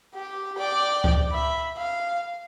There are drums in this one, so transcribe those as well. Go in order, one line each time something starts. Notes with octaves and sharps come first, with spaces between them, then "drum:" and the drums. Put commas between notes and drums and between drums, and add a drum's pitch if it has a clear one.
G4
D5 G5
drum: kick C#2
E5 B5
F5